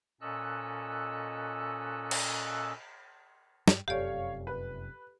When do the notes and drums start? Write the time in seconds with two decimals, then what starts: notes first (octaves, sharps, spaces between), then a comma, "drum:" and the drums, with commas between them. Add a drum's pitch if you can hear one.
0.21 A#2 C#4 A4 D#5 E6 F#6
2.11 drum: cymbal
3.68 G2 G3, drum: snare
3.88 F1 F#2 C3 G4 A4 C#5 D5 F5
4.47 B4